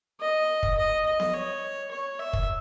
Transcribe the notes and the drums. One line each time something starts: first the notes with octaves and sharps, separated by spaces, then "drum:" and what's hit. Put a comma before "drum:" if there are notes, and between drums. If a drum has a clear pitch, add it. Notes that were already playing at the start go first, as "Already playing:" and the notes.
D#5
drum: kick
D#5
D#5
drum: snare B3
C#5
C#5
E5
drum: kick